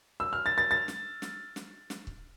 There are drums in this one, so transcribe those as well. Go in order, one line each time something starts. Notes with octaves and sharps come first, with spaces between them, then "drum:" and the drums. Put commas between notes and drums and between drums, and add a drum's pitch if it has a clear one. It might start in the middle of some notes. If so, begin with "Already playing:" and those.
E6
F6
A6
A6
A6
drum: snare
drum: snare
drum: snare
drum: snare
drum: kick